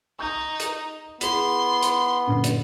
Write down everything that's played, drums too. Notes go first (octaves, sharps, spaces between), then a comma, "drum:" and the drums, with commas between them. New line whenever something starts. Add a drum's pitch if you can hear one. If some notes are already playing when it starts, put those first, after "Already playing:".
D#4 C#6 G6
drum: hi-hat
B3 E4 G#4 C6, drum: hi-hat
drum: hi-hat
F#2 A#2 D3
drum: hi-hat